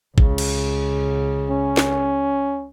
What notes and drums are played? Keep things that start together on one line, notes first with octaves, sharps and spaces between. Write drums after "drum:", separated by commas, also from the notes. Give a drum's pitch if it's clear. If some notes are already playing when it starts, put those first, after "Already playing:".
C#2 C#3, drum: kick A1
drum: cymbal
C#4
drum: snare